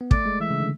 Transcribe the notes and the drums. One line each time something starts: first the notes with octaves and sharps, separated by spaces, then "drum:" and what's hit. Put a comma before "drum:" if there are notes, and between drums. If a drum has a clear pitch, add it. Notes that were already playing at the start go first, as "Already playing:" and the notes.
B3
A3 D5, drum: kick
G#3
E3 E5
C#3
D3